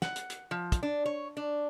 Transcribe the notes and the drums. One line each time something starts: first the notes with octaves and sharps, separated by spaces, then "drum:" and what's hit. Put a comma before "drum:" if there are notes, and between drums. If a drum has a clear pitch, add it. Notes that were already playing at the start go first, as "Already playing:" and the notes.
F#5, drum: snare
drum: hi-hat
drum: hi-hat
F3
drum: kick, hi-hat
D4
C#5
D4